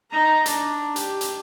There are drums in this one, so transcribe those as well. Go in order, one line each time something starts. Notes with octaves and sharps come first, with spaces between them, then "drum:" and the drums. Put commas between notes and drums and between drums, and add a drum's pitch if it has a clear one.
D#4 A#5
D4, drum: hi-hat
G4, drum: hi-hat
drum: hi-hat